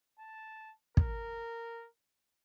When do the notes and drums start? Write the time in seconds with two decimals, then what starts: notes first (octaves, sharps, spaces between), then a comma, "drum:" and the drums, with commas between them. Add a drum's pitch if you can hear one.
0.19 A5
0.97 A#4, drum: kick